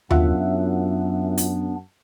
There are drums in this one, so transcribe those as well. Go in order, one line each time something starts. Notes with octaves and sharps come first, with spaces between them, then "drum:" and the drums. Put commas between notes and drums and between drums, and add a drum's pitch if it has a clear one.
F#2 B3 D4 F4 E5 F#5, drum: tom D#2
drum: hi-hat